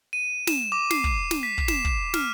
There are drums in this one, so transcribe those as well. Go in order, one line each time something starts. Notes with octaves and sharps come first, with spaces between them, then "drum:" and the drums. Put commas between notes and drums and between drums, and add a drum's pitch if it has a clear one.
D#7
E7, drum: snare
D6
C7, drum: snare
drum: kick
drum: snare
B6
drum: kick
E7, drum: snare
drum: kick
F6, drum: snare